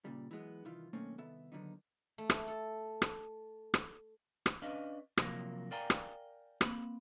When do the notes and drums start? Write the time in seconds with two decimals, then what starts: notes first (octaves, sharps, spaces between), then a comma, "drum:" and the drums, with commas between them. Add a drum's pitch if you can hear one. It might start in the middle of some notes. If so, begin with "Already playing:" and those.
0.05 A#2 C#3 G3
0.31 E3 F#3 G#3 B3
0.65 C2 D#3 E3 F4
0.93 B1 D#3 A3 A#3 C4 C#4
1.18 C2 D#3 B3 A4 E5
1.52 D#2 D3 D#3 F#3 B3 D#4
2.18 A3
2.30 drum: rim click
2.48 A4
3.02 drum: rim click
3.74 drum: rim click
4.46 drum: rim click
4.62 C#4 D4 B4 D#5 F5
5.17 C3 F3 F#3 A#3, drum: rim click
5.71 A#4 D5 F5 G5 G#5 A#5
5.90 drum: rim click
6.61 A#3 C4 B5, drum: rim click